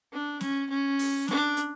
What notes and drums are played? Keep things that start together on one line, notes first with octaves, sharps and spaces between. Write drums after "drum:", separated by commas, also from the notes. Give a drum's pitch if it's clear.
D4
C#4, drum: snare
C#4
drum: open hi-hat
D4, drum: snare
drum: hi-hat